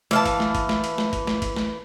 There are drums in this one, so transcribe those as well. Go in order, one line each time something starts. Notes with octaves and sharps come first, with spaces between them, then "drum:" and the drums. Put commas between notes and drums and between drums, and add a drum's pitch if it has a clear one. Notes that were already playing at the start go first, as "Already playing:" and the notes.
E3 F5 A5, drum: snare
drum: kick, hi-hat
drum: snare
drum: kick, hi-hat
drum: snare
drum: hi-hat
drum: snare
drum: kick, hi-hat
drum: snare
drum: kick, hi-hat
drum: snare